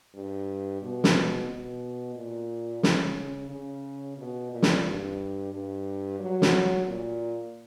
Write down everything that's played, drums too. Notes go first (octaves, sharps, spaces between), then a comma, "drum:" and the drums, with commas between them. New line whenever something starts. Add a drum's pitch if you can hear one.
G2
B2
drum: snare
B2
A#2
C#3, drum: snare
C#3
B2
A#2
drum: snare
G2
G2
F#3
drum: snare
A#2